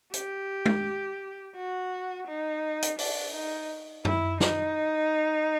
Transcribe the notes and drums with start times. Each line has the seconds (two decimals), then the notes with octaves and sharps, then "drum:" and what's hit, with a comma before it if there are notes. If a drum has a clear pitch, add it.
0.14 G4, drum: hi-hat
0.66 drum: tom
1.56 F#4
2.27 D#4
2.82 drum: hi-hat
2.98 D4, drum: open hi-hat
3.34 D#4
4.05 E4, drum: tom F#2
4.40 D#4, drum: snare